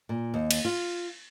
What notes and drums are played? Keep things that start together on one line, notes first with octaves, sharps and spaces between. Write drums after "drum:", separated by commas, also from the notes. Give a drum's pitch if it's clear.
A#2
D#2
drum: cymbal
F4